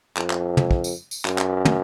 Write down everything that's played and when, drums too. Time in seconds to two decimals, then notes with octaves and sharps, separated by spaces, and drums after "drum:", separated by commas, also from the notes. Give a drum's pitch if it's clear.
0.17 F2, drum: clap
0.30 drum: clap
0.57 drum: tom
0.71 drum: kick
0.84 drum: tambourine
1.11 drum: tambourine
1.25 F#2, drum: clap
1.38 drum: clap
1.65 drum: tom